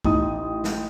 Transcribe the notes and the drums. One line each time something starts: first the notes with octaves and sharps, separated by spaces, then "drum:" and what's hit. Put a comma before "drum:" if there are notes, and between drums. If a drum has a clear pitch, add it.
A1 D#4 D#6, drum: kick C#2
drum: snare